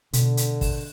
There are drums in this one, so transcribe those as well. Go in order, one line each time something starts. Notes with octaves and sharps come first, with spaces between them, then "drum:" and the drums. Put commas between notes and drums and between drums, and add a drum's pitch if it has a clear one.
B2 D3, drum: hi-hat
drum: hi-hat
drum: kick, open hi-hat